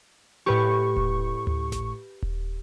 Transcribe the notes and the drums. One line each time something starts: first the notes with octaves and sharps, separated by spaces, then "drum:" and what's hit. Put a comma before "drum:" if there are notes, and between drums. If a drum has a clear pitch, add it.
A2 G4 B4 C#6
drum: kick D#1
drum: tom D2
drum: snare G#1
drum: kick D#1